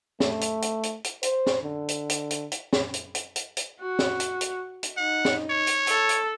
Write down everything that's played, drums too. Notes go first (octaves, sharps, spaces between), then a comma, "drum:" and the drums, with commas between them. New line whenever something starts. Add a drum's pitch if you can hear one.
A3, drum: snare
drum: hi-hat
drum: hi-hat
drum: hi-hat
drum: hi-hat
C5, drum: hi-hat
drum: snare
D3
drum: hi-hat
drum: hi-hat
drum: hi-hat
drum: hi-hat
drum: snare
drum: hi-hat
drum: hi-hat
drum: hi-hat
drum: hi-hat
F#4
drum: snare
drum: hi-hat
drum: hi-hat
drum: hi-hat
D#4 F#5
drum: snare
C#5
drum: hi-hat
A4, drum: hi-hat
drum: hi-hat